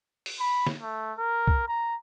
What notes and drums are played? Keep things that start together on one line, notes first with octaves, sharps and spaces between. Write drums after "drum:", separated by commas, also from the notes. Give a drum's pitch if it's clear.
drum: open hi-hat
B5
drum: snare
A3
A#4
drum: kick
A#5